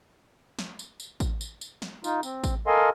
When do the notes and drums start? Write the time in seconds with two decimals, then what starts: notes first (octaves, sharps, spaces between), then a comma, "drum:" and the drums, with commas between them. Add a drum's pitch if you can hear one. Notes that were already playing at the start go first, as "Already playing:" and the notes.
0.59 drum: snare
0.79 drum: tambourine
1.00 drum: tambourine
1.20 drum: kick A1, tambourine
1.41 drum: tambourine
1.61 drum: tambourine
1.82 drum: snare
2.04 D#4 F4, drum: tambourine
2.23 C4, drum: tambourine
2.44 drum: kick A1, tambourine
2.67 A4 A#4 D#5 F5 G#5 C6